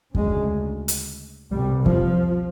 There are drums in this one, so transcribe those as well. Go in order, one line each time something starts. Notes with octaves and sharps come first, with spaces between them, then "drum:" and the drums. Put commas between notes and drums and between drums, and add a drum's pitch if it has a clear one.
D2 C#3 G#3, drum: kick F2
drum: hi-hat
C2 B2 G3
F3, drum: kick F2